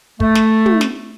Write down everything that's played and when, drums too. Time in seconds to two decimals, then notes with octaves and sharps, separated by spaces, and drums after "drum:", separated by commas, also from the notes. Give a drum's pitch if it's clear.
0.20 A3, drum: kick
0.35 drum: snare
0.66 drum: tom
0.81 drum: snare